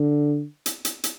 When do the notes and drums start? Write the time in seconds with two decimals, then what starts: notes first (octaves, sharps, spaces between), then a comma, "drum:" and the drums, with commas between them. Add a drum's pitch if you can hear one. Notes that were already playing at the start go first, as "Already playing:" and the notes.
Already playing: D3
0.66 drum: hi-hat
0.85 drum: hi-hat
1.04 drum: hi-hat